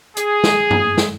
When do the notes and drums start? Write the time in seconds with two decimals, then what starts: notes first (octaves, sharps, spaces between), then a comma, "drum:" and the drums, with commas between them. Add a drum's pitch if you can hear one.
0.17 G#4, drum: hi-hat
0.44 drum: snare
0.71 drum: tom F#2
0.98 drum: snare